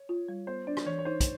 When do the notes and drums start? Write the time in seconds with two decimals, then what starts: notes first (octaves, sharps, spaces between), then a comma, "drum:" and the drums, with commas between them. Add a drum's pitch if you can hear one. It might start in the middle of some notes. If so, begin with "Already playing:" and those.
Already playing: C#5
0.09 F4
0.28 G3
0.47 B3 C5
0.67 D4 D5
0.77 drum: rim click
0.86 E3 C#5
0.99 C#5
1.05 D#4 C5
1.20 drum: kick, hi-hat